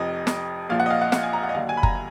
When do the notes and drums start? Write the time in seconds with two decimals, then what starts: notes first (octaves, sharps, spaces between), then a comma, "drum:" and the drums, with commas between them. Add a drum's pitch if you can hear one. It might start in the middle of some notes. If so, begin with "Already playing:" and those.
Already playing: F1 F2 F3 D#5
0.27 drum: snare
0.69 A#1 A#2 F3 F5
0.80 F#5
0.86 D#5
0.90 F5
1.01 F#5
1.12 F#5, drum: snare
1.23 G#5
1.33 A#5
1.43 F#5
1.49 D#5
1.54 D#2 D3 F#3 F5
1.69 G#5
1.77 B5
1.83 A#5, drum: kick